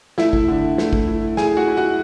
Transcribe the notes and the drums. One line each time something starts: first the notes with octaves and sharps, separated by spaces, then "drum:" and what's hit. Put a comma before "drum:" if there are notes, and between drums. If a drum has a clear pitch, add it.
A3 E4 E5, drum: snare
drum: kick
D3
A3, drum: snare
drum: kick
E4
E4 G#4 G#5, drum: snare
F#4 F#5
E4
F#4 F#5